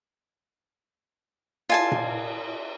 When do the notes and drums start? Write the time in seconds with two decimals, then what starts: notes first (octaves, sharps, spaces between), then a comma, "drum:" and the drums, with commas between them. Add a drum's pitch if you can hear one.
1.69 F4 G#5 A5, drum: cymbal
1.92 drum: tom A#2